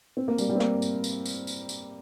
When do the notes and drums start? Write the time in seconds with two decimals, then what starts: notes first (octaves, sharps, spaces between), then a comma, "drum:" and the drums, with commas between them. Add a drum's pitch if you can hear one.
0.17 C4
0.28 A#3
0.38 G3, drum: tambourine
0.49 G3
0.55 C4
0.60 A#3, drum: snare
0.82 drum: tambourine
1.04 drum: tambourine
1.26 drum: tambourine
1.47 drum: tambourine
1.69 drum: tambourine